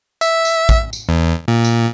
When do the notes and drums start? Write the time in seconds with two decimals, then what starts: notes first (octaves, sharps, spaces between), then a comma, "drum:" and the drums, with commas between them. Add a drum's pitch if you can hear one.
0.21 E5, drum: tambourine
0.45 drum: tambourine
0.69 drum: kick, tambourine
0.93 drum: tambourine
1.09 E2
1.48 A#2
1.64 drum: tambourine